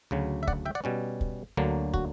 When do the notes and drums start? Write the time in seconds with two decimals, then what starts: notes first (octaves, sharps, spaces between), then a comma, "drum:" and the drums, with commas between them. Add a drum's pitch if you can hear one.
0.11 D2 C#3 F#3
0.43 E5
0.48 D5 F#5, drum: kick
0.66 E5 G5
0.75 D5 F#5
0.84 B2 G3 C#4
1.21 drum: kick
1.57 D2 D3 F#3 A#3
1.94 F#4, drum: kick